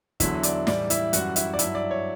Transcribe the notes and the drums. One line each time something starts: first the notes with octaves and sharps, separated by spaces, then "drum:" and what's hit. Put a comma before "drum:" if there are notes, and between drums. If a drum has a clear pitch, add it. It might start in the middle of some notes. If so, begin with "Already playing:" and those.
E2 D3 F#3 E4 E5, drum: kick, hi-hat
D5, drum: hi-hat
A2 E3 G3 D5, drum: snare
E4 E5, drum: hi-hat
F#2 E3 G3 F#4 F#5, drum: hi-hat
E4 E5, drum: hi-hat
D5
G2 F#3 E4 E5, drum: hi-hat
D5
C#5